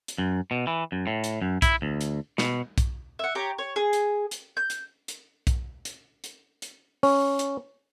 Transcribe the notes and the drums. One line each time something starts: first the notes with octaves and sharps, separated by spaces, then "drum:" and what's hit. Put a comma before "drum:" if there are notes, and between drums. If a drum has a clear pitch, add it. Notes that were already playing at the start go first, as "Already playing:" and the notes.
drum: hi-hat
F#2
B2
E3
F#2
A2
drum: hi-hat
F#2
E4, drum: kick B1, hi-hat
D2
drum: hi-hat
B2, drum: snare
drum: kick B1, hi-hat
E5 F#5
G4 C#5 A#5
C#5
G#4
drum: hi-hat
drum: hi-hat
G6
drum: hi-hat
drum: hi-hat
drum: kick B1, hi-hat
drum: hi-hat
drum: hi-hat
drum: hi-hat
C#4, drum: open hi-hat
drum: hi-hat